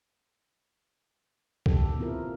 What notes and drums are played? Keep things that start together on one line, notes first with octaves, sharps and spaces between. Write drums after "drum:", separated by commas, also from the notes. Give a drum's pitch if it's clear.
D#3 A#3 G4 A4, drum: kick
B3 C4 E4 F4 A#4